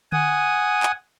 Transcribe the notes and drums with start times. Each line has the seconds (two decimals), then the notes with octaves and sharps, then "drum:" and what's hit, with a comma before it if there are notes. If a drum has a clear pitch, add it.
0.12 F#5 G#5 D#6, drum: tom D3
0.83 drum: clap